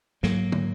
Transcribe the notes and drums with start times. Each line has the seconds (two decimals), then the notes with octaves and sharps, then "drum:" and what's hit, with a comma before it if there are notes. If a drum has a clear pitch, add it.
0.23 G#2 F#3 A#3, drum: snare
0.52 drum: tom